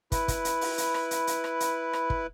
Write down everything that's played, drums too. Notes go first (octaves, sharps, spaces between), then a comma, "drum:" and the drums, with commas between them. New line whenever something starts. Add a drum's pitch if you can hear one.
E4 B4, drum: kick, hi-hat
drum: kick, hi-hat
drum: hi-hat
drum: open hi-hat
drum: hi-hat
drum: rim click
drum: hi-hat
drum: hi-hat
drum: rim click
drum: hi-hat
drum: rim click
drum: kick